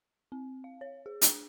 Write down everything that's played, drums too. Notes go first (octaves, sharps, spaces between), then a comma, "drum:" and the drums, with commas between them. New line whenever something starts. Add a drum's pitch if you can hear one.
C4
F5
C#5
G#4
D4, drum: hi-hat